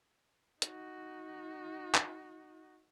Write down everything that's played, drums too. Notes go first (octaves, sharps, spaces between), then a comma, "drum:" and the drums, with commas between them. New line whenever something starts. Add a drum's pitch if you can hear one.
D#4 F#4, drum: hi-hat
drum: clap